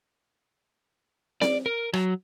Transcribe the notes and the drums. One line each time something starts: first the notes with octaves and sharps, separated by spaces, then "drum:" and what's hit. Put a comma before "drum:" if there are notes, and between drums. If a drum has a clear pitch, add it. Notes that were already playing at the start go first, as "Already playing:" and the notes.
D5, drum: snare C4
A#4
F#3, drum: rim click